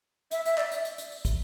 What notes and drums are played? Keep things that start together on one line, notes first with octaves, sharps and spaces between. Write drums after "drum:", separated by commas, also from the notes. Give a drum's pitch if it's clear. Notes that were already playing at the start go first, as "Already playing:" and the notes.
E5, drum: hi-hat
E5, drum: hi-hat
D5, drum: clap
drum: hi-hat
drum: hi-hat
drum: hi-hat
drum: open hi-hat
drum: kick, hi-hat